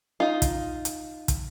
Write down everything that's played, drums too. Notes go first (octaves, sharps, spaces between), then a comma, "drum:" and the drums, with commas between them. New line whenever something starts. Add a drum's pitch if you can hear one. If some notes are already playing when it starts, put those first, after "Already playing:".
D#4 F4
drum: kick, hi-hat
drum: hi-hat
drum: kick, hi-hat